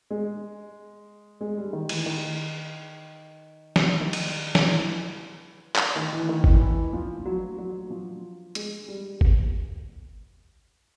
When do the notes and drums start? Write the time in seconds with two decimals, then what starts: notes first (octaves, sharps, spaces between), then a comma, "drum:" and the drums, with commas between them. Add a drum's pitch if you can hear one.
0.11 G#3
1.41 G#3
1.57 G3
1.73 D#3
1.89 E3, drum: cymbal
2.06 D#3
3.76 drum: snare
3.96 E3
4.01 D#3
4.13 drum: cymbal
4.55 drum: snare
4.66 E3
5.76 drum: clap
5.96 D#3
6.12 E3
6.29 D#3
6.44 E3, drum: kick G1
6.61 E3
6.93 F3
7.25 F#3
7.58 F#3
7.90 F3
8.55 G#3, drum: hi-hat
8.88 G3
9.21 drum: kick G1